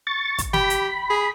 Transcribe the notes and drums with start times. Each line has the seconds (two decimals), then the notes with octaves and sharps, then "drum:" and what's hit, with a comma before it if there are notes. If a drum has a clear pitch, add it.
0.07 C#6 A6
0.38 drum: kick, hi-hat
0.53 G4 B5, drum: snare
0.70 drum: hi-hat
1.10 G#4